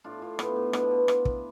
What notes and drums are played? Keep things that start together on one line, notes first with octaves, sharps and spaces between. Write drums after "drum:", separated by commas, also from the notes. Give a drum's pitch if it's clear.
A2 D4 F4
A2 D4 F4
A2 B3, drum: rim click
A2
B2 B3 D4, drum: rim click
B2
drum: rim click
drum: kick